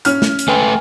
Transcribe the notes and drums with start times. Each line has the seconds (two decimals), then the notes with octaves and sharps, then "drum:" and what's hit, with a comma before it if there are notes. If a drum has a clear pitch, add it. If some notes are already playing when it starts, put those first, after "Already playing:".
0.05 C#4 F6, drum: hi-hat
0.22 drum: snare
0.39 drum: hi-hat
0.48 A3 B4 G5 G#5